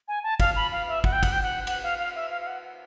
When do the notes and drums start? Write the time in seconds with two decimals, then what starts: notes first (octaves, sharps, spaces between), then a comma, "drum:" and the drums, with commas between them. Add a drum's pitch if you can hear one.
0.08 G#5
0.23 A5
0.40 F5, drum: kick, cymbal
0.56 B5
0.72 F5
0.88 E5
1.04 F#5, drum: kick
1.13 G5
1.23 F#5, drum: kick, cymbal
1.32 G5
1.42 F#5
1.67 F#5, drum: cymbal
1.83 F5
1.99 F5
2.15 E5
2.31 F5
2.41 F5
2.47 F#5